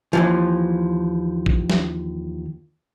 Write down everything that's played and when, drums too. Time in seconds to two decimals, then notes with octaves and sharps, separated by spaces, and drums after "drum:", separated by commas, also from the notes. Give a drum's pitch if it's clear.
0.13 D#2 E3 F3
1.46 drum: kick
1.70 drum: snare